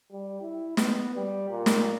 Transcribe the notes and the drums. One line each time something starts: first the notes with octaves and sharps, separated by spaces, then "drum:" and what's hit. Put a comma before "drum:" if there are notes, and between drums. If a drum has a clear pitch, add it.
G3
E4
B3, drum: snare
G3
A#2
drum: snare